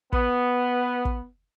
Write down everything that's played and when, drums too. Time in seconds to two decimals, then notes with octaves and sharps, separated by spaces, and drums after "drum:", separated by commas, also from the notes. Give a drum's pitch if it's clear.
0.13 B3, drum: kick
1.05 drum: kick